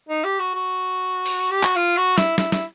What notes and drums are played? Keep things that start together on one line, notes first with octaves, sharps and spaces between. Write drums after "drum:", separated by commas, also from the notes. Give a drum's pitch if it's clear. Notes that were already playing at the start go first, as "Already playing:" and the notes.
D#4
G4
F#4
F#4
drum: open hi-hat
G4
F#4, drum: clap
F4
F#4
E4, drum: snare
E4, drum: snare
E4, drum: snare